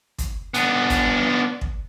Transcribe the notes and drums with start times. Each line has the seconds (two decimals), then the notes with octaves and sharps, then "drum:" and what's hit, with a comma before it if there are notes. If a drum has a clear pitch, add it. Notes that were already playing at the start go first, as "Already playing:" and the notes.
0.18 drum: kick, hi-hat
0.54 B3 D4, drum: hi-hat
0.90 drum: kick, hi-hat
1.61 drum: kick